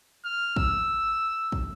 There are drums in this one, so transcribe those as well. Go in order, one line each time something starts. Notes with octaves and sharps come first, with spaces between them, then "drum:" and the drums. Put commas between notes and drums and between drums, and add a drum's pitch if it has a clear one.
F6
E6, drum: kick
drum: kick